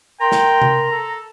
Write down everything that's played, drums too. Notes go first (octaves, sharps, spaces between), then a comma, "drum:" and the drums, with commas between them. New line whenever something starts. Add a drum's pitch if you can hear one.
A#4 G5 A#5 C6
drum: snare
drum: tom C3
A4